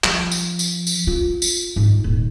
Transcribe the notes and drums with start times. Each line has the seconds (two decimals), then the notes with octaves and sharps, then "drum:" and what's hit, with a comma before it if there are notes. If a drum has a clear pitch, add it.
0.04 F3, drum: clap
0.32 drum: tambourine
0.59 drum: tambourine
0.87 drum: tambourine
1.07 F4
1.42 drum: tambourine
1.76 G#2
2.04 D#1